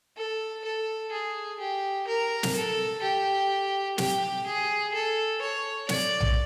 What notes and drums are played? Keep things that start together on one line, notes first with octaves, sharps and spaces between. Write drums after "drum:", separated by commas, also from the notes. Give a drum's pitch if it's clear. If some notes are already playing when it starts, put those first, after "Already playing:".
A4
A4
G#4
G4
A#4
drum: snare
A4
G4
G4, drum: snare
G#4
A4
C#5
D5, drum: snare
drum: tom A#1